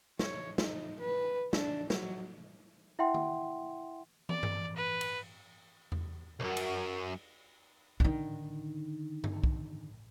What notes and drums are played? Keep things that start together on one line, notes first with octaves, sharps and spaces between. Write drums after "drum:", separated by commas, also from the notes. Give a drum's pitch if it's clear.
C#5, drum: snare
D#4, drum: snare
B4
D4, drum: snare
F#3, drum: snare
E4 E5 F#5 G5 C6
drum: tom D#3
D5, drum: tom
drum: tom G2
B4
drum: cymbal
drum: tom E2
C2 F#2
drum: cymbal
D3 D#3, drum: kick
drum: tom G2
drum: kick